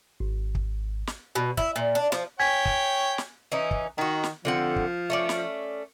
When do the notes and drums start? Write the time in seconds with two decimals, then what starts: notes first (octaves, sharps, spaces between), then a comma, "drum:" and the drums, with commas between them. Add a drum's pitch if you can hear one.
0.20 G#1
0.55 drum: kick
1.07 drum: snare
1.35 B2
1.57 E4, drum: kick
1.76 A#2
1.95 D4
2.12 F3, drum: snare
2.39 C#5 G5 G#5 G#6 B6
2.65 drum: kick
3.18 drum: snare
3.52 E3 C#4 D#4
3.71 drum: kick
3.98 D#3 D#4 F#4
4.24 drum: snare
4.45 D3 F3 C4 F#5
4.76 drum: kick
5.10 A3 C#4 D5
5.29 drum: snare